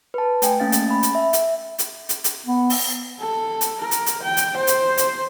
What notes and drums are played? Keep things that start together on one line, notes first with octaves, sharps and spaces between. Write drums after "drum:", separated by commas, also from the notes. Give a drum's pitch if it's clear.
B4 A5
A3 G5 G#5, drum: hi-hat
A3 A#3 C#4 F5 A6
drum: hi-hat
B5
drum: hi-hat
E5
drum: hi-hat
drum: hi-hat
drum: hi-hat
drum: hi-hat
B3
drum: open hi-hat
A4
drum: hi-hat
A#4
drum: hi-hat
drum: hi-hat
G5
drum: hi-hat
C5
drum: hi-hat
drum: hi-hat